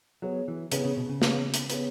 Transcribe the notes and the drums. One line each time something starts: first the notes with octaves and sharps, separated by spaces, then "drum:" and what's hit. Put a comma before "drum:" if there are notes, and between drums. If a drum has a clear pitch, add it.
F#3 B3 G#4 C#5
E3
C#3 B3 G#4 C#5, drum: hi-hat
C#3
B2
C#3
B3 G#4 C#5, drum: snare
drum: hi-hat
B3 G#4 C#5, drum: hi-hat